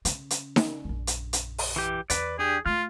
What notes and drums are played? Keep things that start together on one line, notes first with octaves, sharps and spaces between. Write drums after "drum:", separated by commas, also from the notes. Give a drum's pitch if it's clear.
C#3, drum: hi-hat
drum: hi-hat
drum: snare D#4
A#1 F#2
drum: hi-hat
drum: hi-hat
drum: open hi-hat
E3 G4
E2 B4 D5, drum: hi-hat
D4 G4 G#4
A3 F4 F6